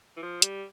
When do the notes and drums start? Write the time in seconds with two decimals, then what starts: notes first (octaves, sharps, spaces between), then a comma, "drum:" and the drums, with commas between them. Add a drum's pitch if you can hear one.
0.17 E3
0.23 F3
0.42 G3, drum: hi-hat